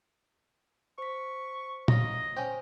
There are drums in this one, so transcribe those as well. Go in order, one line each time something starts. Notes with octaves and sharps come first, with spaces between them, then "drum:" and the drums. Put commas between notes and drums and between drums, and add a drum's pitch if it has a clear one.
C5 C#6 B6
A#4 C#5 D#5 F5, drum: tom A#2
C#4 G4 C5